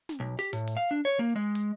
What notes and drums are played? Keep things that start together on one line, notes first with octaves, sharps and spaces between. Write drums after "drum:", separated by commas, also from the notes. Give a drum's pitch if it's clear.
drum: snare
B1
G4, drum: hi-hat
A2, drum: hi-hat
drum: hi-hat
F5
D4
C#5
A#3
G#3
drum: hi-hat